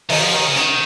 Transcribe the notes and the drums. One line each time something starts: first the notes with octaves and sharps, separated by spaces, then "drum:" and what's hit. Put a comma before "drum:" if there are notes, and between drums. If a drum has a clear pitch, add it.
D#3, drum: open hi-hat
F3
D#3
C#3
D#3, drum: hi-hat